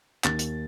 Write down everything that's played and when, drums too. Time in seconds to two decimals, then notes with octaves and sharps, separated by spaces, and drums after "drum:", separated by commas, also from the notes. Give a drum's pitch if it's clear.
0.24 D#2 A6, drum: clap
0.39 drum: hi-hat